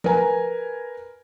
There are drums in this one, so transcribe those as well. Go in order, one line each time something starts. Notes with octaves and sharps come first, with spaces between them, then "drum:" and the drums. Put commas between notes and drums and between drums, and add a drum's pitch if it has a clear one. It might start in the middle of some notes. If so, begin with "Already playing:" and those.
A#4 B4 G#5 A#5, drum: tom F3